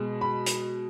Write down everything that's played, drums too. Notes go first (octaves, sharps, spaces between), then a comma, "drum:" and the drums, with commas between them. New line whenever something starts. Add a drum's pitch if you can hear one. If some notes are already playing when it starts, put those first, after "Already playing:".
Already playing: B2 G#3
B5
drum: hi-hat